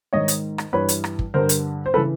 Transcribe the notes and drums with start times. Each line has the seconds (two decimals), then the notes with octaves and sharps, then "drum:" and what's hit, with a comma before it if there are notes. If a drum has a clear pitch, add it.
0.13 G#2 D#3 C#5 D#5
0.28 drum: hi-hat
0.58 drum: rim click
0.73 G2 E3 B4 C#5
0.89 drum: hi-hat
1.04 drum: rim click
1.19 drum: kick
1.34 G2 D3 A#4 C5
1.49 drum: hi-hat
1.86 C5
1.94 C#3 E3 A4 B4